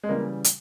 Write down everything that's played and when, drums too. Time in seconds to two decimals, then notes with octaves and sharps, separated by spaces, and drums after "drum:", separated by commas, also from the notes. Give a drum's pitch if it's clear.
0.03 G#3
0.09 C#3 E3 G3 A#3
0.44 drum: hi-hat